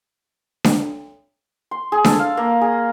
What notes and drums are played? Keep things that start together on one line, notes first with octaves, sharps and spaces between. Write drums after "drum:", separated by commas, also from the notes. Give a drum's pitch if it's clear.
drum: snare D4
C6
G#4
A4, drum: snare D4
F5
A#3
G#4